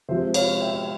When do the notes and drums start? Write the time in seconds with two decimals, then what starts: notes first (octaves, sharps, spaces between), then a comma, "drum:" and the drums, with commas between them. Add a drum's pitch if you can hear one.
0.09 C3 F3 G#3 C5 E5
0.34 C#5 F5, drum: cymbal
0.61 E5 G5